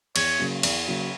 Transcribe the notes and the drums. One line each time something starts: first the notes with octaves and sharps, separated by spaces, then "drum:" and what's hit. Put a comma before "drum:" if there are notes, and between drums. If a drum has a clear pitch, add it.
E2 C#5, drum: cymbal
C#3 F#3 A#3
E2, drum: cymbal
C#3 F#3 A#3